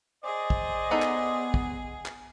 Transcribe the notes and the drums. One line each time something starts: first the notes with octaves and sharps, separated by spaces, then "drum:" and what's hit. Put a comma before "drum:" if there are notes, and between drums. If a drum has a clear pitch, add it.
G#4 C5 D5 D#5
drum: kick
B3 D#4 A4 F#5
drum: clap
drum: kick
drum: clap